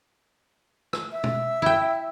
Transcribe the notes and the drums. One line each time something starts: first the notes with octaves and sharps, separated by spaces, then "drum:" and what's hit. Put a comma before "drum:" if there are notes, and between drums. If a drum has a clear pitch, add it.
drum: rim click
E5
drum: tom
E4 G5